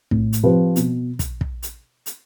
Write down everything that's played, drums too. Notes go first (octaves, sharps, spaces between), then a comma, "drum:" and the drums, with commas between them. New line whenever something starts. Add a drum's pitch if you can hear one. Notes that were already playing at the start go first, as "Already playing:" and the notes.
A2, drum: kick
drum: hi-hat
F3 C4 G4 B4
B2, drum: hi-hat
drum: kick, hi-hat
drum: kick
drum: hi-hat
drum: hi-hat